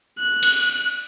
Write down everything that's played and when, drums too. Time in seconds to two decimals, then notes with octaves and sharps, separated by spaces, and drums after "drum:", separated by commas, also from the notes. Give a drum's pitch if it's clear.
0.19 F#6
0.43 drum: cymbal